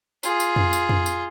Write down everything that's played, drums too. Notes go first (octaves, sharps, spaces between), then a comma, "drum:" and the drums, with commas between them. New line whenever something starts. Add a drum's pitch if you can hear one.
F4 G#4, drum: tambourine
drum: tambourine
drum: tom F2
drum: tambourine
drum: tom F2
drum: tambourine